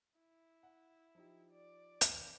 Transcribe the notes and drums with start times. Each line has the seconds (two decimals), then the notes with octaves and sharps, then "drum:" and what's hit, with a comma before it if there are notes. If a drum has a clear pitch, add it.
0.18 E4
0.63 F#5
1.15 F3 D#4 G4
1.51 D5
2.01 F1 E2, drum: hi-hat